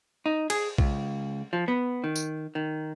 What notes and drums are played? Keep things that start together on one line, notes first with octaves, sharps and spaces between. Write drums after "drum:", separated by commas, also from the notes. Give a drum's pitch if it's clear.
D#4
G#4, drum: cymbal
C#2, drum: kick B1
F3
B3
D#3
drum: tambourine
D#3